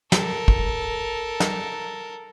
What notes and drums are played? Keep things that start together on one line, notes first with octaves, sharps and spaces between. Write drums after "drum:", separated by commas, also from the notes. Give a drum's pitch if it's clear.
A4 A#4, drum: snare
drum: kick
drum: snare